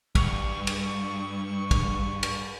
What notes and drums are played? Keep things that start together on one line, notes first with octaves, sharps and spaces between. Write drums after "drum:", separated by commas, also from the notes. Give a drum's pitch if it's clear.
G2 C#6, drum: kick, cymbal
drum: cymbal
drum: kick, cymbal
drum: cymbal